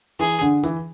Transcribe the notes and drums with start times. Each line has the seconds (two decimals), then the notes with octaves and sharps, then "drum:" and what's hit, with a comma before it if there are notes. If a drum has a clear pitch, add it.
0.19 E3 G#4
0.41 D3, drum: hi-hat
0.63 E3, drum: hi-hat